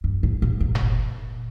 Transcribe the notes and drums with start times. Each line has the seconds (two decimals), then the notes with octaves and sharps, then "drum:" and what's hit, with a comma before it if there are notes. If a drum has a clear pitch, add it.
0.04 G2
0.23 A2
0.42 A#2
0.60 A#2
0.75 drum: tom F#1